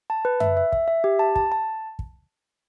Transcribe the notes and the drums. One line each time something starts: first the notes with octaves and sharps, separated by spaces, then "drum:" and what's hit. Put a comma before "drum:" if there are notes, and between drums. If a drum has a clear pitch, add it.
A5
B4
E5, drum: tom F#2
E5
E5, drum: kick
E5
G4
A5
A5, drum: kick
A5
drum: kick